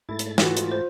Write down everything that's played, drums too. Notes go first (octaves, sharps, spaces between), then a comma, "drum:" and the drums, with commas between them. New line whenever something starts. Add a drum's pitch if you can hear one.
G#2 A3 E4 A6
drum: hi-hat
E3 F4 F#4, drum: snare
drum: hi-hat
C5